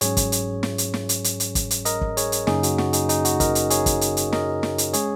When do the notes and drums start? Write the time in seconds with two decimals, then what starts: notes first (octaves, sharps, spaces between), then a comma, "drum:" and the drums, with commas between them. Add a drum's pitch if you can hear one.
0.01 G#2 F#3 C#4 G#4 C#5, drum: hi-hat
0.17 drum: kick, hi-hat
0.32 drum: hi-hat
0.63 drum: snare
0.78 drum: hi-hat
0.94 drum: snare
1.09 drum: hi-hat
1.24 drum: hi-hat
1.40 drum: hi-hat
1.55 drum: kick, hi-hat
1.71 drum: hi-hat
1.85 A#4 D#5, drum: hi-hat
2.01 drum: kick
2.17 G#4 C#5, drum: hi-hat
2.32 drum: hi-hat
2.47 F#2 C#3 A#3 C#4 D#4 G#4, drum: snare
2.63 F#4, drum: hi-hat
2.78 F#4, drum: snare
2.93 D#4 G#4, drum: hi-hat
3.09 D#4 G#4, drum: hi-hat
3.25 F#4, drum: hi-hat
3.40 A#4 D#5, drum: kick, hi-hat
3.55 drum: hi-hat
3.70 G#4 C#5, drum: hi-hat
3.86 drum: kick, hi-hat
4.01 drum: hi-hat
4.17 drum: hi-hat
4.33 A#4 D#5, drum: snare
4.63 drum: snare
4.78 drum: hi-hat
4.93 G#3 C#4 G#4 C#5, drum: hi-hat